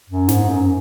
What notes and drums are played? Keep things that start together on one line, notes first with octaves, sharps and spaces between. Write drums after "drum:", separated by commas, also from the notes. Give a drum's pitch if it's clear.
F#2
G#2, drum: snare
F#2